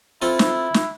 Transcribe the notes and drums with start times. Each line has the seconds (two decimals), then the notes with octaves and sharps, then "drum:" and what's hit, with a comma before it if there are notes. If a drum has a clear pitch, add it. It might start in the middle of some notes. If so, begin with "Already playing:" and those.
0.22 C4 E4 F4 A4
0.39 drum: snare
0.74 drum: snare